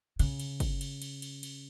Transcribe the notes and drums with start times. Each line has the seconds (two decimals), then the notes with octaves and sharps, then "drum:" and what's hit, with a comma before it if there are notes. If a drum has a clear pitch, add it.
0.19 C#3, drum: cymbal
0.40 drum: cymbal
0.60 drum: kick, cymbal
0.81 drum: cymbal
1.02 drum: cymbal
1.22 drum: cymbal
1.43 drum: cymbal